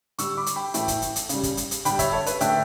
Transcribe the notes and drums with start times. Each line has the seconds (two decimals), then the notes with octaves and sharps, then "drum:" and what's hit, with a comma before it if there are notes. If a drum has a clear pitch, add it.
0.18 D3 G3 C#6 E6, drum: hi-hat
0.37 B5 D6
0.46 drum: hi-hat
0.56 G5 B5
0.74 A2 E3 A3 E5 G5, drum: hi-hat
0.88 drum: kick, hi-hat
1.02 drum: hi-hat
1.16 drum: hi-hat
1.29 C#3 G3, drum: hi-hat
1.43 drum: kick, hi-hat
1.57 drum: hi-hat
1.71 drum: hi-hat
1.85 D3 G3 G5 B5, drum: hi-hat
1.99 C#5 E5, drum: kick, hi-hat
2.12 A4 C#5
2.26 B4, drum: hi-hat
2.41 D3 A3 E5 G5, drum: hi-hat